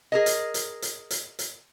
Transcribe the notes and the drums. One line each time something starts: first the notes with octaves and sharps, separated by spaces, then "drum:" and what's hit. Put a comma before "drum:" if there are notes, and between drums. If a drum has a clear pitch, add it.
G#4 A#4 D#5
drum: hi-hat
drum: hi-hat
drum: hi-hat
drum: hi-hat
drum: hi-hat